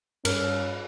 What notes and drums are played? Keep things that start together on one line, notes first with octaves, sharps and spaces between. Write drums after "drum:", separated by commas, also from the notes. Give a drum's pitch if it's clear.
G2 C#4 A#4, drum: cymbal